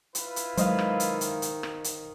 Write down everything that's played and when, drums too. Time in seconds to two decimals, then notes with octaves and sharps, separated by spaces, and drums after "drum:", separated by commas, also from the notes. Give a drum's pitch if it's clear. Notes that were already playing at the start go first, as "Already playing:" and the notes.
0.15 E4 F4 B4, drum: hi-hat
0.36 drum: hi-hat
0.57 D#3 F#3 G#3 C5 D#5 F5, drum: hi-hat
0.79 drum: rim click
1.00 drum: hi-hat
1.21 drum: hi-hat
1.42 drum: hi-hat
1.63 drum: rim click
1.84 drum: hi-hat